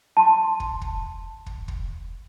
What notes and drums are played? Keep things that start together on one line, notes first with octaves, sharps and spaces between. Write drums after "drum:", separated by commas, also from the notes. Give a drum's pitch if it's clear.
A5 C6
drum: kick
drum: kick
drum: kick
drum: kick